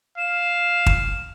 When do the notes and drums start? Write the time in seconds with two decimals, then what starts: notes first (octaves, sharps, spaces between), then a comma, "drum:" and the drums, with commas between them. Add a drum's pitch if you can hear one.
0.18 F5 E7
0.86 drum: kick